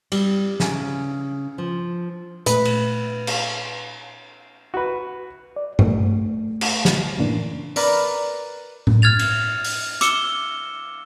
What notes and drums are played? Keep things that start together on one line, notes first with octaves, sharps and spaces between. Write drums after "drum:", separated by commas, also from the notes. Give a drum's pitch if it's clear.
G3, drum: cymbal
C#3, drum: snare
F3
A#2 A3 B4, drum: hi-hat
drum: cymbal
drum: cymbal
F#4 B4
D5
A3, drum: tom G2
drum: cymbal
drum: snare
F#2 A2 C#3 E3 A#3 D4
A#4 B4 D5 A#5, drum: open hi-hat
drum: tom A2
F6 G#6 A6 F7
drum: cymbal
drum: open hi-hat
D6 E6 C#7 E7 G7, drum: hi-hat